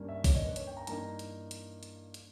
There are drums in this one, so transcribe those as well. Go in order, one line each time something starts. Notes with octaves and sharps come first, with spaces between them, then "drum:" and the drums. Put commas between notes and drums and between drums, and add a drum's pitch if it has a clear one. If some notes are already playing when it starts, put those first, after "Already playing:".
Already playing: G2 D#3 G3 A#3 C#4
E5
C#5, drum: kick, open hi-hat
D#5
B4
C#5, drum: hi-hat
G5
A#5
G2 E3 A#3 D#4 A#5, drum: hi-hat
drum: hi-hat
drum: hi-hat
drum: hi-hat
drum: hi-hat